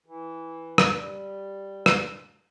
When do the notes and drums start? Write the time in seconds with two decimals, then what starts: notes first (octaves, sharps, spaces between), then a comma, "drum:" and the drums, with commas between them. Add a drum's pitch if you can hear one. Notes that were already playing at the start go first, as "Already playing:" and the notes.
0.06 E3
0.78 drum: rim click
0.93 G3
1.86 drum: rim click